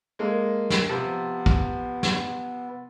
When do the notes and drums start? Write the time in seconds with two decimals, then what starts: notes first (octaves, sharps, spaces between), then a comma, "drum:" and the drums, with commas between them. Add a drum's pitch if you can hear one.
0.19 G#3 A#3 A4
0.70 drum: snare
0.89 C3 F3 B3 B4
1.46 drum: kick
2.03 drum: snare